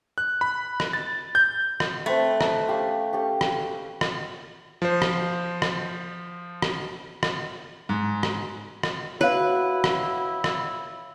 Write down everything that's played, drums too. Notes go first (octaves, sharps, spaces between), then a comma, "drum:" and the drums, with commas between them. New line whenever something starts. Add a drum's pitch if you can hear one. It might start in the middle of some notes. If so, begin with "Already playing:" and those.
F#6
B5
drum: rim click
A6
G6
drum: rim click
A3 C4 B4
drum: rim click
C#4 G4 F5
C#4 G4 A4
drum: rim click
drum: rim click
F3 C5
drum: rim click
drum: rim click
drum: rim click
drum: rim click
G#2
drum: rim click
drum: rim click
E4 F#4 B4 C#5 F5
drum: rim click
drum: rim click